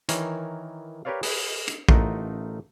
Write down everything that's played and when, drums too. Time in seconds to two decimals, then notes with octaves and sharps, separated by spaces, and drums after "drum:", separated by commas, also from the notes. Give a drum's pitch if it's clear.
0.09 D#3 E3 A#4 C#5, drum: hi-hat
1.05 G4 A#4 B4 C#5 D5 F5
1.23 G#4 B4, drum: open hi-hat
1.68 drum: hi-hat
1.89 A1 A3 D#4 F4 A#4 F#5, drum: kick A#1